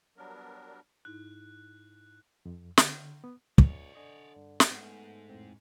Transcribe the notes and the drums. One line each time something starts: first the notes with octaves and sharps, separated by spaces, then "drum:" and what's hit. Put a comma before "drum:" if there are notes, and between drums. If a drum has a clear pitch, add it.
F#3 G3 B3 D4 A#4
G#2 D#4 E4 F#6
F2
D3, drum: snare
B3
C#2 C#5 D5, drum: kick
D3 D#5 G#5
G2
drum: snare
G#2 A3 B3 F#5
F2 A2 C4